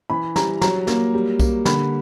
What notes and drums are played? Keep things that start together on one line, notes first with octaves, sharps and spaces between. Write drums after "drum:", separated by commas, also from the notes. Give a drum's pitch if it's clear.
E3 B5
G3 A#5, drum: snare
F#3 A#5, drum: snare
A#3, drum: snare
G3
A#3, drum: kick B1, tambourine
D3 B5, drum: snare